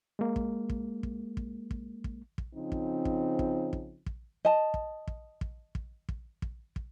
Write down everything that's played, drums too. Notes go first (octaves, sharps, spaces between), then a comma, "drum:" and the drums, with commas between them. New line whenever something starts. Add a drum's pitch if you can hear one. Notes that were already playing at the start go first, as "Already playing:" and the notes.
G#3 A#3
drum: kick
drum: kick
drum: kick
drum: kick
drum: kick
drum: kick
drum: kick
C#3 F3 C4 D#4
drum: kick
drum: kick
drum: kick
drum: kick
drum: kick
D#5 A5
drum: kick
drum: kick
drum: kick
drum: kick
drum: kick
drum: kick
drum: kick